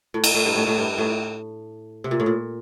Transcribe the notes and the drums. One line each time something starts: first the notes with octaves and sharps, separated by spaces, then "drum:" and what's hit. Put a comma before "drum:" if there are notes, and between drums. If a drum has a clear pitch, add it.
A2
drum: cymbal
A2
G2
A2
A2
G2
A2
C3
A#2
A2
A#2